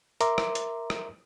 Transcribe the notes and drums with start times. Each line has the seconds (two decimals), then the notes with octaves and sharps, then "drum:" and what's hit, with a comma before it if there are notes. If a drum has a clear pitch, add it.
0.21 A#4 E5 A#5 C6 D6, drum: hi-hat
0.38 drum: rim click
0.55 drum: hi-hat
0.90 drum: rim click